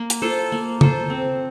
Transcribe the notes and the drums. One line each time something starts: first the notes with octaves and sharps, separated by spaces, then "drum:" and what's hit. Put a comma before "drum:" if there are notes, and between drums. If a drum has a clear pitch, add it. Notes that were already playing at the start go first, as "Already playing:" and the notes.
Already playing: A#3
drum: hi-hat
F4 A4 C5
A#3
F4 A4 C5, drum: tom
C4